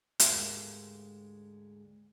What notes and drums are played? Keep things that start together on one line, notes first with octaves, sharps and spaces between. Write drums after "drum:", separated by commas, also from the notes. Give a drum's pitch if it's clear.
D2 G#2 G#3 A#3 G4, drum: hi-hat